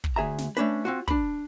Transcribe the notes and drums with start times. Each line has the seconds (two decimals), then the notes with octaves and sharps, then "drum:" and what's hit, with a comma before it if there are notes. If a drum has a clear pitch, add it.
0.04 drum: kick
0.16 D2 G#4 E5 A#5
0.38 drum: snare
0.57 A3 C#4 D4 B4, drum: hi-hat
0.85 C4 F4 F#4
1.08 D4 B5, drum: kick